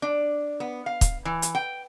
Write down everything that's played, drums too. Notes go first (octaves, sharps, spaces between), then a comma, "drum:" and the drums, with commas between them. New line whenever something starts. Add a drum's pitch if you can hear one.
D4
B3
F5
drum: kick, hi-hat
E3
drum: hi-hat
G5